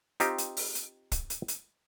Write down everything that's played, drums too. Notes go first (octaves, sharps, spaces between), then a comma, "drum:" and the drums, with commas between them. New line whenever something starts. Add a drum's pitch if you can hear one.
C4 D#4 F4 G4, drum: hi-hat
drum: hi-hat
drum: open hi-hat
drum: hi-hat
drum: kick, hi-hat
drum: hi-hat
drum: hi-hat